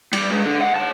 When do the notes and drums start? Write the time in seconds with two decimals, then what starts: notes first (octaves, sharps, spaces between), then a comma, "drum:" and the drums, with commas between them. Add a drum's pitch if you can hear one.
0.13 G3, drum: cymbal
0.31 G#3 B4
0.45 D3
0.60 D#5 F#5
0.76 C#5 A5